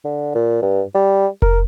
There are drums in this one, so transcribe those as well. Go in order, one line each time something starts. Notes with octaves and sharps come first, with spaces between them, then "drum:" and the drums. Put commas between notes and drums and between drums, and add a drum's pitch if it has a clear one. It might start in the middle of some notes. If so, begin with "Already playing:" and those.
D3
A#2
G2
G3
A#4, drum: kick F1